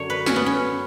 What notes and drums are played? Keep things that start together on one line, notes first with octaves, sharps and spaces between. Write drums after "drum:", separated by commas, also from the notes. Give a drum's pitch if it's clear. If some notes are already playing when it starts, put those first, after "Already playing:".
Already playing: F#2 D3 F#3 C#5
B4
C#4, drum: snare
B3
C#4